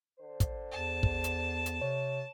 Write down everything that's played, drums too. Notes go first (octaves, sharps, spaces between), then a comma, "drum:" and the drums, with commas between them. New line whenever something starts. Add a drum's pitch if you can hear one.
D3 C5
drum: kick, hi-hat
E2 A5
drum: kick
drum: hi-hat
drum: hi-hat
C3 C#5